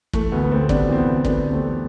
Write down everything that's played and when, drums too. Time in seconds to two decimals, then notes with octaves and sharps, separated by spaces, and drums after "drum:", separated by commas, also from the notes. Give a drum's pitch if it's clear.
0.13 E3 A3, drum: kick
0.32 D2 B3
0.44 B3
0.51 D2 A3 C4
0.69 C3 B3 D4, drum: kick
0.88 E3 C4
0.98 B3
1.06 D2
1.25 D2 B3 D4, drum: kick
1.44 C3
1.52 A3 C4
1.62 E3